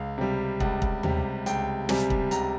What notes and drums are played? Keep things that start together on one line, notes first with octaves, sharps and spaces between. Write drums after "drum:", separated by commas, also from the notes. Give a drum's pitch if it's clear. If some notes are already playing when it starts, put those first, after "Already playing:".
Already playing: C#2 F5
C3 G3
C#2, drum: kick
drum: kick
C3 G3, drum: tom D#2
C#2 G5, drum: hi-hat
C3 G3 G#5, drum: snare
drum: kick
C#2 A#5, drum: hi-hat